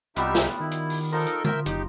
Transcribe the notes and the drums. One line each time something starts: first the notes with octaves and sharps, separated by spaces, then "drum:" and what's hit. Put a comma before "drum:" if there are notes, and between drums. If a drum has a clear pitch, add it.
C2 G3 B3 D#4 F4 G4 E5, drum: hi-hat
drum: snare
D#3 E4
drum: hi-hat
drum: open hi-hat
F3 D#4 A4 A#4 C5 A#5
drum: hi-hat
A#4 E5 G5, drum: tom D3
F#1 D#4 G4, drum: hi-hat